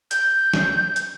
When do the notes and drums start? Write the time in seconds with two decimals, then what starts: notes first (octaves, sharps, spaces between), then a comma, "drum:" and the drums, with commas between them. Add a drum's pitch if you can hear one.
0.11 G6, drum: hi-hat
0.53 drum: snare
0.96 drum: hi-hat